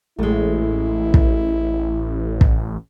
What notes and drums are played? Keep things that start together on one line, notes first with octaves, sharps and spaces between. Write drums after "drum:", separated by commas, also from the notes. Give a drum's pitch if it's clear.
A1 G#3 A3 E4
drum: kick
drum: kick